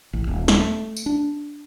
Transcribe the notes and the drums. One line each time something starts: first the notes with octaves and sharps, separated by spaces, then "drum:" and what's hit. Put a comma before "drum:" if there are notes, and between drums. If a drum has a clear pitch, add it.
A1
D#1
drum: snare
A3
drum: tambourine
D4